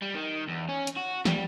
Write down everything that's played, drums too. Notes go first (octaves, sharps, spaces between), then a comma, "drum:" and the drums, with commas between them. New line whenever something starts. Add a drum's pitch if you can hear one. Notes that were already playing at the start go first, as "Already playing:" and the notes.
G3
D#3
E2
C#4
drum: hi-hat
F#4
G3, drum: snare